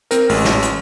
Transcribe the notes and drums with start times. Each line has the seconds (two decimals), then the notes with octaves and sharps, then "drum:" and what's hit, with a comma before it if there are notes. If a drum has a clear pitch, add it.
0.11 C4 A#4, drum: hi-hat
0.29 A1 G#3, drum: open hi-hat
0.45 drum: snare
0.62 drum: hi-hat